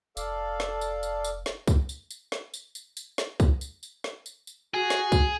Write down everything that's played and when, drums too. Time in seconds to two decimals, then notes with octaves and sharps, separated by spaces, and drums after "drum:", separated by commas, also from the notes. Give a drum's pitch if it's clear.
0.17 F1 A4 D5 F5, drum: tambourine
0.60 drum: snare
0.81 drum: tambourine
1.03 drum: tambourine
1.24 drum: tambourine
1.46 drum: snare
1.67 drum: kick, tambourine
1.89 drum: tambourine
2.11 drum: tambourine
2.32 drum: snare
2.54 drum: tambourine
2.75 drum: tambourine
2.97 drum: tambourine
3.18 drum: snare
3.40 drum: kick, tambourine
3.61 drum: tambourine
3.83 drum: tambourine
4.04 drum: snare
4.26 drum: tambourine
4.47 drum: tambourine
4.74 F#4 G#4
4.90 drum: snare
5.12 drum: kick, tambourine